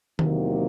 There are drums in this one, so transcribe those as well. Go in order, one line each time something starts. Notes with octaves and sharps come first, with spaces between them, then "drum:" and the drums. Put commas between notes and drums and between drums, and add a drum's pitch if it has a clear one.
E2 C3 D#3 F#3 A#3, drum: tom D#3